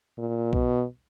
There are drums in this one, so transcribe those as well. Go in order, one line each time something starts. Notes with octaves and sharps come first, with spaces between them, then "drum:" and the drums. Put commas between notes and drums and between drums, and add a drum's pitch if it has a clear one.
A#2
B2, drum: kick B1